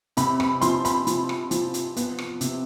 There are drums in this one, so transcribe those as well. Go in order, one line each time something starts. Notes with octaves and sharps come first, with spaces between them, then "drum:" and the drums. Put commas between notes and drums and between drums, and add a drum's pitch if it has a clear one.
C3 B5, drum: hi-hat
B5, drum: rim click
F3 C6, drum: hi-hat
B5, drum: hi-hat
F3, drum: hi-hat
drum: rim click
F3, drum: hi-hat
drum: hi-hat
B3, drum: hi-hat
drum: rim click
C3, drum: hi-hat